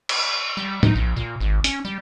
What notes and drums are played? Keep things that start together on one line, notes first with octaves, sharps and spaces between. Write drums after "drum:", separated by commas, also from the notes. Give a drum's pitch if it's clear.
drum: cymbal
G3
D#4, drum: tom
A#1
A#2
G#1
C#4, drum: hi-hat
G3